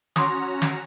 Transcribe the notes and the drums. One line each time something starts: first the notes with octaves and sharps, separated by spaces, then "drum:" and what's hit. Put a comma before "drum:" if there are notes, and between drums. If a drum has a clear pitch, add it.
C#4 F#4 A#5 C6 D6 D#6, drum: snare
drum: snare